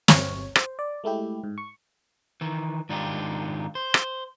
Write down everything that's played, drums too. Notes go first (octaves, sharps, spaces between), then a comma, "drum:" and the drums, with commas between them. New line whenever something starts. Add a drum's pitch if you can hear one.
G1 C#5, drum: snare
C5, drum: rim click
D5
G#3 A3 E4 G4
G#2
C#6
D#3 E3
G#2 D#3 D4 D#4 F4 G4
C5
drum: rim click